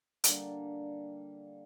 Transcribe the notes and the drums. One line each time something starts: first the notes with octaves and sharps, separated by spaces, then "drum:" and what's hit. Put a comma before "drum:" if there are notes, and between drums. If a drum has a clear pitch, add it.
D3 G3 A#3, drum: hi-hat